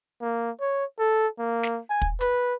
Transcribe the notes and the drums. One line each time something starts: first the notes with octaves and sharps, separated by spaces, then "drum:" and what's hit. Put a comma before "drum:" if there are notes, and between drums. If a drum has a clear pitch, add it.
A#3
C#5
A4
A#3
drum: snare
G#5
drum: kick
B4, drum: hi-hat